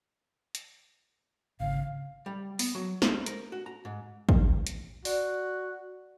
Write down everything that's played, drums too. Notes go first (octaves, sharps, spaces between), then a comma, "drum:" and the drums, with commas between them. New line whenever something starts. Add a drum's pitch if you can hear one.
drum: hi-hat
G#1 C#3 F5
G3
B3, drum: open hi-hat
F#3
C5, drum: snare
A#4, drum: hi-hat
F#4
A#5
G#2
drum: kick
drum: hi-hat
F#4 D5, drum: open hi-hat